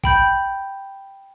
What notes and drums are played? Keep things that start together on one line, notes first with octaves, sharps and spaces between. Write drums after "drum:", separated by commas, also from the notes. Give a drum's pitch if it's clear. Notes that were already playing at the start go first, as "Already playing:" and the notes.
G5 B5 G6, drum: kick A#1